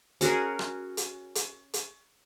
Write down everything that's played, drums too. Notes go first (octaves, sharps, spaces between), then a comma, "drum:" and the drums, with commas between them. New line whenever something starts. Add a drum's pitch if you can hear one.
C#4 F#4 G#4 A#4, drum: hi-hat
drum: rim click
drum: hi-hat
drum: hi-hat
drum: hi-hat